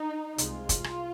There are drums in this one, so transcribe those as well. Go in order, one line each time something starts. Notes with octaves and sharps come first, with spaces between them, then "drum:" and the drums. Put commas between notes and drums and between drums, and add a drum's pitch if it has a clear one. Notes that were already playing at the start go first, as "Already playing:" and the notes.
Already playing: D#4
C2 C3 G#3 F4, drum: hi-hat
drum: kick, hi-hat
drum: rim click